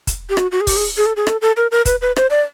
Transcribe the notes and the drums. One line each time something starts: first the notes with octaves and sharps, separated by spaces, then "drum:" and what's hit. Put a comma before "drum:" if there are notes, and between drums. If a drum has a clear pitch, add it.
drum: kick, hi-hat
G4
F#4, drum: rim click
F#4
G#4
G4, drum: kick, open hi-hat
G#4
G#4
A4
G#4
A4, drum: rim click
A4
A#4
A#4
B4, drum: kick, hi-hat
B4
C5, drum: rim click
D5